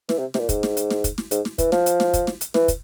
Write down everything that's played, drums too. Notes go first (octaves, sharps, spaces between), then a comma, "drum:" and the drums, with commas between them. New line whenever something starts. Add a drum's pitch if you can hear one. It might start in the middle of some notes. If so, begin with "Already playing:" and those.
E3, drum: snare
C3
C3, drum: snare
A#2
G#2, drum: kick, hi-hat
drum: snare
drum: hi-hat
drum: snare
drum: kick, hi-hat
drum: snare
G#2, drum: hi-hat
drum: snare
E3, drum: kick, hi-hat
F3, drum: snare
drum: hi-hat
drum: snare
drum: kick, hi-hat
drum: snare
drum: hi-hat
E3, drum: snare
drum: kick, hi-hat